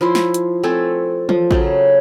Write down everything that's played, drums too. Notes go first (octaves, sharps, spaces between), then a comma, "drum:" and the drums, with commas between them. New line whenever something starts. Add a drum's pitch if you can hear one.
F3 E4 C6
drum: snare
drum: hi-hat
A3 C4 A4 G#5
F3, drum: tom E3
C#3 F#3 A3, drum: kick A1